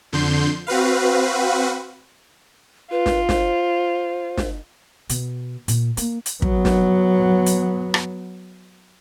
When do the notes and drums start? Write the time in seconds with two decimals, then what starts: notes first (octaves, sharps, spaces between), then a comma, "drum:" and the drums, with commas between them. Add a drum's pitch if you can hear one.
0.13 F2 D3 C6 G6
0.67 C4 F#4 B4 F5
2.91 F4 B4
3.06 drum: snare
3.29 C5, drum: snare
4.38 drum: snare
5.09 B2, drum: hi-hat
5.68 A#2, drum: hi-hat
5.97 A#3, drum: hi-hat
6.26 drum: hi-hat
6.42 F#3 B3, drum: kick
6.65 drum: snare
7.46 drum: hi-hat
7.94 drum: rim click